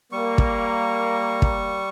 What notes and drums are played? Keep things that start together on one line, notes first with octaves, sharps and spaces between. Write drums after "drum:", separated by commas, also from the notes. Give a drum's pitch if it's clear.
G3 A#3 C#6
drum: kick
drum: kick